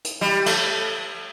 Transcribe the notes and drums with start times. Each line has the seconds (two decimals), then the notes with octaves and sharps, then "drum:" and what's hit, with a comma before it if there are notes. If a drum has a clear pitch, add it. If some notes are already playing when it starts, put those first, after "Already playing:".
0.05 drum: hi-hat
0.21 G3
0.46 A3, drum: cymbal